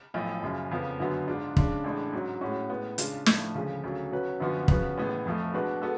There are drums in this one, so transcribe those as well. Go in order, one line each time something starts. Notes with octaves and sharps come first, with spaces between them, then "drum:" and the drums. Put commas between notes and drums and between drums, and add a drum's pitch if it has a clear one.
B1 A2 F3
F#1 F#2 C#3
F2 C#3 F3 B3
F#2 D3 F#3 B3
G#2 G#3 D4 F4
C#3 G#3 D4, drum: kick
A1 A2 G#3 D4
G#2 F#3 C#4
A2 G#3 C#4 F#4
A2 G#3 B3
C#3 G#3 D4 F4, drum: hi-hat
A2 F3 A3 D4, drum: snare
D2 C#3 F3 G#3
D2 C#3 F#3
B2 F#3 C#4 F#4 B4
F#2 D3 F3 B3 F#4
C#3 F3 B3 F#4 B4, drum: kick
A1 A2 G#3 B3
F1 F2 F3 A3
B2 G#3 D4 F#4 B4
G#3 B3 F#4 A4